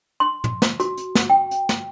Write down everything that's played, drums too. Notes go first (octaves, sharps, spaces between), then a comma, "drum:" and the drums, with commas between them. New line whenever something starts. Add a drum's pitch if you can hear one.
C6
drum: tom
drum: snare
F#4, drum: hi-hat
drum: hi-hat
drum: snare
G5
drum: hi-hat
drum: snare